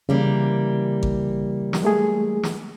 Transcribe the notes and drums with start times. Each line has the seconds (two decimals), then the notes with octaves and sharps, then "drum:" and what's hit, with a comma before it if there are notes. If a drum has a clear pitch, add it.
0.09 C#3 E3 G3 A#3
1.03 drum: kick G#1
1.73 drum: snare
1.83 G#3 A3 G#4
2.43 drum: snare